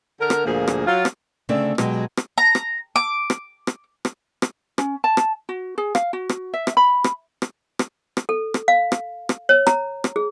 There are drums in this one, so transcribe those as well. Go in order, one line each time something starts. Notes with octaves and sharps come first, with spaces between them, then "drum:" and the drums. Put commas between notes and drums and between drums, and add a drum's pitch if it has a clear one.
D3 A#4
drum: rim click
D2 A#2 F3 A#3 G#4
drum: rim click
F#3 F4
drum: rim click
D2 C#3 A3 C4 D4 D5
B2 F#3 G#3 G4, drum: rim click
drum: rim click
A#5
drum: rim click
D6
drum: rim click
drum: rim click
drum: rim click
drum: rim click
C#4, drum: rim click
A5
drum: rim click
F#4
G#4
F5, drum: rim click
F#4
drum: rim click
E5
drum: rim click
B5
drum: rim click
drum: rim click
drum: rim click
drum: rim click
A4
drum: rim click
F5
drum: rim click
drum: rim click
C#5
A#5, drum: rim click
drum: rim click
G#4